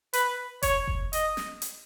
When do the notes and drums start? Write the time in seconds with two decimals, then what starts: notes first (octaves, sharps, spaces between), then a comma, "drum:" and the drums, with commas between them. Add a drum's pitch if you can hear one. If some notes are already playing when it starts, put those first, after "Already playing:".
0.13 B4, drum: hi-hat
0.63 C#5, drum: kick F#1, hi-hat
0.88 drum: kick F#1
1.13 D#5, drum: hi-hat
1.37 drum: snare
1.62 drum: hi-hat